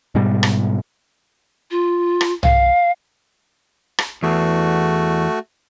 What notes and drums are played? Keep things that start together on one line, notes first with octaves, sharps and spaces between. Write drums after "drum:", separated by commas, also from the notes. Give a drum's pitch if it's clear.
G#2 B2 G3
drum: rim click
F4
drum: rim click
F5, drum: tom B1
drum: rim click
E2 A3 F#4